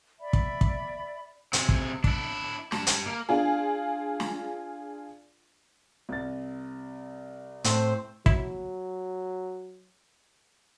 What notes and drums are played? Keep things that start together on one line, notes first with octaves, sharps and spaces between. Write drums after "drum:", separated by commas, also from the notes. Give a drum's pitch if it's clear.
D5 E5 B5
drum: kick
drum: kick
C3 G#4, drum: hi-hat
drum: kick
D4 E4, drum: kick
G4 A5, drum: snare
drum: hi-hat
A#3
D4 F4 G#4
drum: snare
C2 A6
A2 A3 C4 C5, drum: hi-hat
F#3 E4, drum: kick